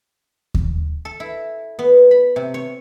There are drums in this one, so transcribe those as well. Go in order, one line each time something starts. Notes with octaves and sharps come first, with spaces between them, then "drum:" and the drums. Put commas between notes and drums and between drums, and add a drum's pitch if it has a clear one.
drum: kick D#2
A4
E4
B3
B5
C3
C#5